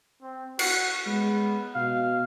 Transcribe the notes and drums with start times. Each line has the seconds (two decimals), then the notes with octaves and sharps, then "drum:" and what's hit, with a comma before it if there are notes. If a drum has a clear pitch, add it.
0.22 C4
0.59 F#4, drum: cymbal
1.06 G#3 B3
1.75 B2 F5